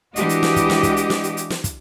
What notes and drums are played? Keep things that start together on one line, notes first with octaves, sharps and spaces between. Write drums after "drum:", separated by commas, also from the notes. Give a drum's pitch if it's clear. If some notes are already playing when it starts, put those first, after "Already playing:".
E3 G#3 D4 F#4 G4 D#5, drum: hi-hat
drum: hi-hat
drum: snare
drum: kick, hi-hat
drum: snare
drum: kick, hi-hat
drum: hi-hat
drum: snare
drum: hi-hat
drum: hi-hat
drum: snare
drum: kick, hi-hat